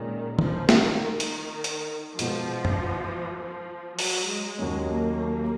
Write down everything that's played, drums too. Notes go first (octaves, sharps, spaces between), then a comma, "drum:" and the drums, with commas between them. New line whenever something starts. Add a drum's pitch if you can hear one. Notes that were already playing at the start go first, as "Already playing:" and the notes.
Already playing: A#2 D#3 G#3 C#4
F3, drum: tom
D#3, drum: snare
D#3
drum: hi-hat
drum: hi-hat
B2 F3 G#3 B3 F4, drum: hi-hat
drum: tom
F3
F#3, drum: open hi-hat
G#3
D#2 D#3 F#3 G#3 C#4
A#3